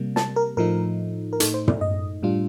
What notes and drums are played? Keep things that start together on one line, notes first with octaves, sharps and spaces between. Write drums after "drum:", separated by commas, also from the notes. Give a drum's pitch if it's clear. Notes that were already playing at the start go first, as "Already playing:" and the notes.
Already playing: C3 G3 A#3
A5, drum: snare
A#4
A2 F3 A3 D#4 A#4
A#4
A2 A3 D#4 A4, drum: hi-hat
C5
D5, drum: tom
D#5
A2 G3 D4 F4